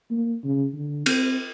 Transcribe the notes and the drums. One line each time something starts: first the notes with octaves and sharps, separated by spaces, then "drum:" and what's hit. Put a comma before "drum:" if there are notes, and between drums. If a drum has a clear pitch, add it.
A#3
C#3
D3
C4, drum: cymbal